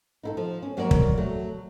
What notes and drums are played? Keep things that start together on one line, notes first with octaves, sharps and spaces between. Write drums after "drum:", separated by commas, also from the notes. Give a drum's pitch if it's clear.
D#4 E4 A4
F3
C#4
F2 F#3 A#3 A#4 C#5 D5
drum: kick
F#3 A3